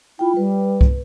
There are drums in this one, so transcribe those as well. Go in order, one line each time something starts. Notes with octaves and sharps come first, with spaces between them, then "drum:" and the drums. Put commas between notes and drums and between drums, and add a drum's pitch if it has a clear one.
E4 F4 G5
G3 B4
drum: kick C2